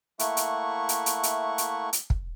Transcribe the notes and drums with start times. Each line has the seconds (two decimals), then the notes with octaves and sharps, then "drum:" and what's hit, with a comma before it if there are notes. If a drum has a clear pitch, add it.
0.19 A3 A#3 E4 F#5 C#6, drum: hi-hat
0.37 drum: hi-hat
0.89 drum: hi-hat
1.06 drum: hi-hat
1.23 drum: hi-hat
1.58 drum: hi-hat
1.93 drum: hi-hat
2.10 drum: kick